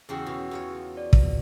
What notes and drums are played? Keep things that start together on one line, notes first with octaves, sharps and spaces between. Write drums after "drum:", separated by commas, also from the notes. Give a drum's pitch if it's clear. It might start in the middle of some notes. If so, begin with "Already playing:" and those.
E2 C#3 F#4 G#4 G5 E6
B2
E2 F4 C#5
D5
drum: kick